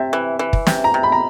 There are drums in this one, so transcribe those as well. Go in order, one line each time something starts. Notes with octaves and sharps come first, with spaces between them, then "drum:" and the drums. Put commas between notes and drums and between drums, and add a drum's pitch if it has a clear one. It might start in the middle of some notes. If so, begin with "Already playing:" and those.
Already playing: C3 E5
E3
E3
drum: kick
C3, drum: snare
A#5
C3
B5
A#5